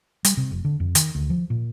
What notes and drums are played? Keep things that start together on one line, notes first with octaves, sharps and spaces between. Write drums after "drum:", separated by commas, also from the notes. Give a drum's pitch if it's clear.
G3, drum: hi-hat
C3
F1
D3
F2
D#3, drum: hi-hat
D2
F3
A#2